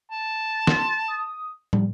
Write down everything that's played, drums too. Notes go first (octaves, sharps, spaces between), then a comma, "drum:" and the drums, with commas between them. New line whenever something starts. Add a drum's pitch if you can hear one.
A5
C6, drum: snare
D#6
G3, drum: tom